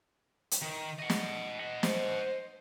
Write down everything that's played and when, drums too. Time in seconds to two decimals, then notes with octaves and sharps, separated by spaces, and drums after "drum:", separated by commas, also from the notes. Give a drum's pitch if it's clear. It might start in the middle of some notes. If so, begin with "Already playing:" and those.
0.51 drum: hi-hat
0.62 D#3
0.99 D#5 F#5
1.10 drum: snare
1.59 D#5 F#5
1.83 C5, drum: snare